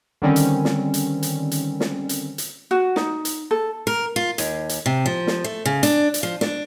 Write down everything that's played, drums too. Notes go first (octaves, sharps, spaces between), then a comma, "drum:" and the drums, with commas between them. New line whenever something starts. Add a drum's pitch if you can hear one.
D3 D#3 G3 C4 C#4
drum: hi-hat
drum: snare
drum: hi-hat
drum: hi-hat
drum: hi-hat
drum: snare
drum: hi-hat
drum: hi-hat
F#4
D#4, drum: snare
drum: hi-hat
A4
A#4
F4
D#2, drum: hi-hat
drum: hi-hat
C3
F3
drum: snare
A3
C#3
D4, drum: hi-hat
drum: hi-hat
F3
D4, drum: snare